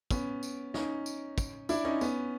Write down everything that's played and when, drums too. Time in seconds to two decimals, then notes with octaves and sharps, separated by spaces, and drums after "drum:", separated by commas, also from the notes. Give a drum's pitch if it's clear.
0.11 B3 C#4, drum: kick, tambourine
0.43 drum: tambourine
0.74 C#4 D#4, drum: snare
1.06 drum: tambourine
1.38 drum: kick, tambourine
1.69 D4 E4, drum: tambourine
1.84 C#4 D#4
2.01 B3 C#4, drum: tambourine